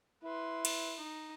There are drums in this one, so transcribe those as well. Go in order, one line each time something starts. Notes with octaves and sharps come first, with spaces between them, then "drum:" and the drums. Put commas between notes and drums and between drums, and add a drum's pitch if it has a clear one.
E4 B4 C6
drum: cymbal
D#4